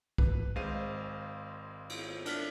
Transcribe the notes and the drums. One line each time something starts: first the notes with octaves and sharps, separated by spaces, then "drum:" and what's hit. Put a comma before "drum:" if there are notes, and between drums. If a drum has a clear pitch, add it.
B4, drum: kick B1
G#1 G#3 C5 F5 D#7
drum: cymbal
D4 F6 B6, drum: cymbal